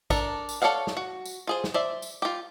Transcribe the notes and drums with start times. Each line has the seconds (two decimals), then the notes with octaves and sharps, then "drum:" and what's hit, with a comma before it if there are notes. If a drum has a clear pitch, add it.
0.10 D4 A4 A#4, drum: kick A1, tambourine
0.49 drum: tambourine
0.62 A4 C#5 D5 F5 F#5
0.87 drum: snare
0.97 F#4
1.26 drum: tambourine
1.47 F4 G#4 C5
1.64 drum: snare
1.74 C5 D5 E5
2.02 drum: tambourine
2.22 F4 G4